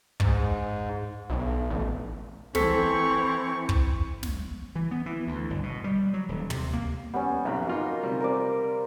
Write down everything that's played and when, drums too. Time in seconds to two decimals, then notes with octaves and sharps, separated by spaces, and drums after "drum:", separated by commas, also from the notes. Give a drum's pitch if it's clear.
0.20 G#2, drum: kick
1.30 B1
1.70 A1
2.55 E3 C4 A4 C5 C#6 B6, drum: snare
3.69 drum: kick
4.23 drum: snare
4.75 E3
4.91 B3
5.06 E3
5.27 D2
5.50 G1
5.63 B2
5.84 G3
6.14 F#3
6.29 D#1
6.50 C3, drum: tom
6.73 A#3
7.14 G3 B3 C#4
7.45 B1 F#2 A#5 B5
7.67 A#3 D#4 F4 F#4
8.03 C3 G3
8.20 A#4 C5 D5